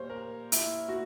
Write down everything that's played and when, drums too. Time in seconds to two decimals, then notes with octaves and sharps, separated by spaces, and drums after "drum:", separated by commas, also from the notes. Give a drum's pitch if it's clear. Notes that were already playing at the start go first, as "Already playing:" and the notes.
Already playing: A#2 G3 A#3 C5 C#5
0.10 A#4
0.52 E4, drum: hi-hat
0.89 F#4